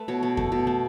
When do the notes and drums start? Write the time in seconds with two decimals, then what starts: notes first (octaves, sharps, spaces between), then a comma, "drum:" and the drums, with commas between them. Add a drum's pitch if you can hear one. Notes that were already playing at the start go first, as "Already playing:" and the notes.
Already playing: A3 B4
0.08 B2 C#5
0.23 B2
0.37 A3, drum: kick F2
0.52 B2
0.67 A3